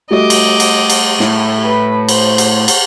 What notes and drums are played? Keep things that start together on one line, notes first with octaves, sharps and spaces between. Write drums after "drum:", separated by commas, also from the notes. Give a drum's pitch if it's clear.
G3 A3 F#4 D#5 D6
drum: cymbal
drum: cymbal
drum: cymbal
A2, drum: snare
B4
C5, drum: cymbal
drum: cymbal
drum: cymbal